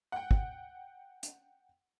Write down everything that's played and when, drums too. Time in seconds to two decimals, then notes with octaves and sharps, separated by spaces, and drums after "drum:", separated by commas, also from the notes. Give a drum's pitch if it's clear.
0.12 F#5 G5
0.31 drum: kick
1.23 drum: hi-hat